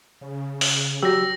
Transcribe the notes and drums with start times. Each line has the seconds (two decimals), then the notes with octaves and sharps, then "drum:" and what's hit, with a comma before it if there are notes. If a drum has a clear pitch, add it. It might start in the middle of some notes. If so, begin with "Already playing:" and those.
0.21 C#3
0.61 drum: open hi-hat
1.03 F#3 G4 E6 A#6